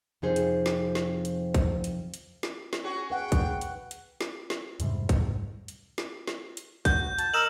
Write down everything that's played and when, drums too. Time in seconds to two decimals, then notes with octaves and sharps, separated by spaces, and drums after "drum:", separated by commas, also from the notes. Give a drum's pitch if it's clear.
0.22 F2 C3 F3 D#4 G#4 C5
0.36 drum: hi-hat
0.66 drum: snare
0.95 drum: snare
1.25 drum: hi-hat
1.54 drum: kick, hi-hat
1.84 drum: hi-hat
2.14 drum: hi-hat
2.43 drum: snare
2.73 drum: snare
2.84 C#4 F#4 G#4
3.10 B4 F#5 G5
3.32 drum: kick, hi-hat
3.61 drum: hi-hat
3.91 drum: hi-hat
4.21 drum: snare
4.50 drum: snare
4.80 F2 G#2 C3 G3, drum: hi-hat
5.09 drum: kick, hi-hat
5.68 drum: hi-hat
5.98 drum: snare
6.28 drum: snare
6.57 drum: hi-hat
6.85 F#4 G6, drum: kick, hi-hat
7.18 A5, drum: hi-hat
7.34 A#4 D#5 E6 E7 F#7